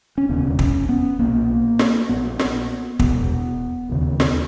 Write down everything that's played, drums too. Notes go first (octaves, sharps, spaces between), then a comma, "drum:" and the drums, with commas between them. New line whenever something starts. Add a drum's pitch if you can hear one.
C#4
E1 D#2 C#3 B3
C#4, drum: kick
B3
B1 A#2 A#3
drum: snare
A#1 A#2 B3
drum: snare
E1 E2 B2 B3, drum: kick
E1 D#2 C#3
drum: snare